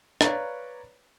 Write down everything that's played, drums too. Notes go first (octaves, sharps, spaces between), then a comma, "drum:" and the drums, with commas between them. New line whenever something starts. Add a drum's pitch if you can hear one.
B4 C#5 D5 F5 A#5 B5, drum: rim click